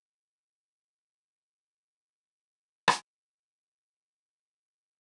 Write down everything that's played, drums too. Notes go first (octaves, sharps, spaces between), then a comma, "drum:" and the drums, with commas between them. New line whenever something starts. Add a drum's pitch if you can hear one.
F#6
A#6
D7
C7
C#6
F#6
G#6
D#4
drum: rim click
F4 D7
A1 A6
C4 D#4 F4
D4 G#4